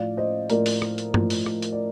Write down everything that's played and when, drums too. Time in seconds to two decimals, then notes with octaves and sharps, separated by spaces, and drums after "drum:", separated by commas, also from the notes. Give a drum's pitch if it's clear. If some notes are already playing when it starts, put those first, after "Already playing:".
Already playing: A2 F3 D5 F5
0.17 C5 D#5
0.50 A2 F3 A#4 D5, drum: hi-hat
0.66 drum: open hi-hat
0.82 drum: rim click
0.98 drum: hi-hat
1.14 A2 F3, drum: tom G2
1.30 drum: open hi-hat
1.46 drum: rim click
1.62 drum: hi-hat
1.73 D5